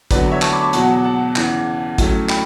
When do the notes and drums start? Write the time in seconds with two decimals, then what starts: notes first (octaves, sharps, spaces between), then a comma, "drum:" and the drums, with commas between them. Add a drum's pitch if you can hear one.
0.11 E2 D3 F#3 B4 D5, drum: kick A1, hi-hat
0.31 C#5 E5
0.42 A5 C#6, drum: clap
0.52 B5 D6
0.62 A5 C#6
0.73 E2 B2 F#3 F#5 A5, drum: hi-hat
1.04 F#5 A5
1.36 E2 C#3 E3, drum: clap
1.98 A2 F#3 A3 C#4, drum: kick A1, hi-hat
2.29 G5 B5, drum: clap